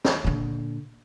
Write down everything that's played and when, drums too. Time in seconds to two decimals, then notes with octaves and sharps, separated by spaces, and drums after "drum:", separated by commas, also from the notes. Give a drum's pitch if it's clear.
0.05 drum: snare
0.24 A#2 D3